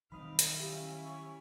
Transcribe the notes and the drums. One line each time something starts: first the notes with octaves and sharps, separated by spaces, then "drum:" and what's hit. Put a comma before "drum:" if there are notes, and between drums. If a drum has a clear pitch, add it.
D#3 F#3 G3 C4 D#4 F5 B5 D#6
drum: hi-hat
C#4 E4 G4 E5 F5
C#6